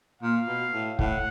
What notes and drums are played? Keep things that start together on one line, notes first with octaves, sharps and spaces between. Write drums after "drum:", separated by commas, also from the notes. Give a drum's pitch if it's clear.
A#2 F5
B2
A2
A2 F#5, drum: kick